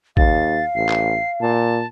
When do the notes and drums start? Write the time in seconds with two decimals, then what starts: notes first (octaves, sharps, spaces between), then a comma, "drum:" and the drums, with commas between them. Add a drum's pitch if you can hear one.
0.17 D#2 F5 A6, drum: kick
0.75 A1 C7
0.89 drum: clap
1.41 A#2 A5